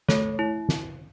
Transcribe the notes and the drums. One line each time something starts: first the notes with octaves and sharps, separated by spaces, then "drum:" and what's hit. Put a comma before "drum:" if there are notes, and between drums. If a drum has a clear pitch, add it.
A3 A4 C#5, drum: snare
E4
drum: snare